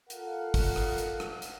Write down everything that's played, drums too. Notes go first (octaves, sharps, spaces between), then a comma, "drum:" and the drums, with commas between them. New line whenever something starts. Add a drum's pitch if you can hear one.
F4 A4 A#4 F5 F#5, drum: hi-hat
drum: kick, open hi-hat
drum: rim click
drum: hi-hat
drum: rim click
drum: hi-hat